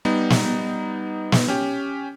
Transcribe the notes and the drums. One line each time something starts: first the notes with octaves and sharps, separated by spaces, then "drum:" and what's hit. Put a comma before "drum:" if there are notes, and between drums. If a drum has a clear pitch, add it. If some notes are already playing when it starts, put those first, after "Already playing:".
G3 B3 D#4
drum: snare
drum: snare
C#4 G4